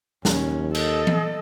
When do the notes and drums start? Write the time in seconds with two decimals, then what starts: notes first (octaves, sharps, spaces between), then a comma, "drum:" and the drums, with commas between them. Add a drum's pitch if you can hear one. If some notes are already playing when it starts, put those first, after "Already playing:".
0.25 D#2 C#4, drum: snare
0.75 A4 D#5, drum: cymbal
1.07 drum: tom E3